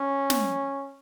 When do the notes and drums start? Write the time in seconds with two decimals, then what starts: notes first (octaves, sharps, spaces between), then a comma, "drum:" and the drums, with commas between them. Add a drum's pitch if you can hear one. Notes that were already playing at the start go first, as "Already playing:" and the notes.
Already playing: C#4
0.30 drum: snare